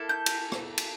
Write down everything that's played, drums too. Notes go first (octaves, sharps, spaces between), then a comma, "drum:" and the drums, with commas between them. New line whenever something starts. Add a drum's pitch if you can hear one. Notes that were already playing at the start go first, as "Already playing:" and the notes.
Already playing: A#3 E4 A4
G6
drum: cymbal
drum: rim click
drum: cymbal